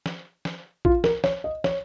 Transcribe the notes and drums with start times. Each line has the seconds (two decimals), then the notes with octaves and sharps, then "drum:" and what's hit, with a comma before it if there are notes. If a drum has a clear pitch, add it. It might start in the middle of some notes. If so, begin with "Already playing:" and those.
0.06 drum: snare
0.45 drum: snare
0.85 F4, drum: kick
1.04 A#4, drum: snare
1.24 C#5, drum: snare
1.44 D#5
1.64 C#5, drum: snare